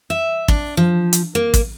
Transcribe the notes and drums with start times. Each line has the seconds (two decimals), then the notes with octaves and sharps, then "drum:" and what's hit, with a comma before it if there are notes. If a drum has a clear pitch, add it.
0.10 E5
0.48 D4, drum: kick
0.77 F3
1.13 drum: hi-hat
1.35 A#3
1.54 drum: kick, hi-hat